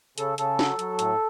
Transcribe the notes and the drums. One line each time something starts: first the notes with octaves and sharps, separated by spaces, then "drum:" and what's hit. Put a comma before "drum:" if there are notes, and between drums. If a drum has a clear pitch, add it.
C#3 A4, drum: hi-hat
C#3 A4, drum: hi-hat
F#3, drum: snare
F#3, drum: hi-hat
A2, drum: hi-hat